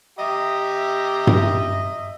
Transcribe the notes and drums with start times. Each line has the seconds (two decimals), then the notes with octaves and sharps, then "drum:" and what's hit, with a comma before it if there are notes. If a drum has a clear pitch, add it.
0.19 G4 D#5 E5 A#5
1.27 drum: tom G2